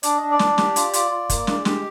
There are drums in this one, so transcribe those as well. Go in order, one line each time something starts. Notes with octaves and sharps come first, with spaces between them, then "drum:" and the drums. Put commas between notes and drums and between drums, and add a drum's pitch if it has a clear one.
D4 D5, drum: hi-hat
D4 D#5
D5
D4, drum: snare
G4, drum: snare
F4, drum: hi-hat
F4, drum: hi-hat
F4
A#3, drum: kick, hi-hat
G#3, drum: snare
G4, drum: snare